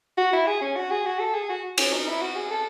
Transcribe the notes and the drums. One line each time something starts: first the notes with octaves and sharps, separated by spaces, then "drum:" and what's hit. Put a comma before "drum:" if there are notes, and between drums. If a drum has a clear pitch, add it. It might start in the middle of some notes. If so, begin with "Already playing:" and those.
F#4
E4
G#4
C#4
F#4
G#4
F#4
A4
G#4
F#4
C#4, drum: cymbal
D#4
E4
F#4
G#4
A4